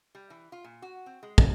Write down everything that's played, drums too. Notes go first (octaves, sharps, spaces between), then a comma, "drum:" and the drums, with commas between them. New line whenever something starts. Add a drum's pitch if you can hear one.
G3
E3
F4
A#2
F#4
C4
G#3
D#5, drum: kick